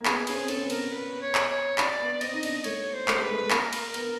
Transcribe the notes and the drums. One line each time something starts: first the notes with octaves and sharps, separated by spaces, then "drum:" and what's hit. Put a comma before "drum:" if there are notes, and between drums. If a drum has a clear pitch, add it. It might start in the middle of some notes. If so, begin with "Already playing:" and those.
A#3
B3 G#4, drum: clap
C#4 G#4, drum: cymbal
C4
C#4 A4, drum: cymbal
C4
B3
A#4, drum: cymbal
B4
C#5
drum: clap
C#5
D5, drum: clap
B3
C4 D#5, drum: cymbal
D#4
D4, drum: cymbal
A3 C#5, drum: cymbal
C5
A3, drum: clap
G#3 B4
A3
A3
A#3 A#4, drum: clap
drum: cymbal
B3, drum: cymbal